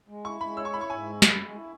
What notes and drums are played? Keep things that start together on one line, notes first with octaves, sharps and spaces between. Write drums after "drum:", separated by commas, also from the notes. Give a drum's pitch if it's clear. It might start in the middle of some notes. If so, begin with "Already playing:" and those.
G#3
E4 C#6
G#3 B5
C#5 E6
C#6
E4 B5
C#6
G#2 G#5
G#3
F#2, drum: snare
G#3
E4